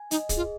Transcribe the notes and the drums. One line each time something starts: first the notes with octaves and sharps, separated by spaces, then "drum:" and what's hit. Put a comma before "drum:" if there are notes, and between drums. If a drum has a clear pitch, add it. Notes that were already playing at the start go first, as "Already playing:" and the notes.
Already playing: G#5
D#4 D#5, drum: hi-hat
G#4, drum: kick, hi-hat
F4